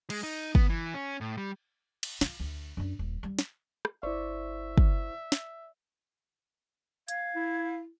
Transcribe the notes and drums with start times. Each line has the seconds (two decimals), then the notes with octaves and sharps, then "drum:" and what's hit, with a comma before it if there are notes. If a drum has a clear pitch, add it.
0.10 G#3, drum: cymbal
0.23 D#4
0.55 B3, drum: kick
0.70 E3
0.94 C#4
1.21 A2
1.38 G3
2.03 drum: cymbal
2.21 F4, drum: snare
2.40 D2
2.77 F#2 D4
2.99 D#1
3.23 G3
3.39 drum: snare
3.85 drum: rim click
4.03 G1 E4 C5 D5 E5 C#6
4.78 drum: kick
5.32 drum: snare
7.08 F5 G#6, drum: hi-hat
7.35 E4